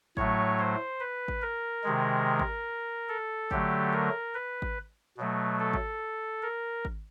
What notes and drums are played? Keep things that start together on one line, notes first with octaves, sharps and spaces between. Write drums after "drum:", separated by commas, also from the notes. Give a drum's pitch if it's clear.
A2 F#3 A3 C#5, drum: kick G#1
C5
B4
drum: kick G#1
A#4
C3 D#3 G#3
drum: kick G#1
A4
D3 F#3 A3 G4, drum: kick G#1
A#4
B4
drum: kick G#1
B2 F#3 A3
A4
drum: kick G#1
A#4
drum: kick G#1